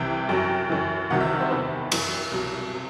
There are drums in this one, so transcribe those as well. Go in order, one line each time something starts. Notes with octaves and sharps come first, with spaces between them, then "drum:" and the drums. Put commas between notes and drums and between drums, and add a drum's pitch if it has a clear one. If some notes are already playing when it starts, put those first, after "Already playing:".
Already playing: C2 C3 E3 G5
F#2 F#3 G5
F#2 E3
C2 C3 D#3 F#3 F#5
E5
D#5
C5
E2 C3 D#3 B4
F#2 E3, drum: cymbal
C2 B2 F#3
C3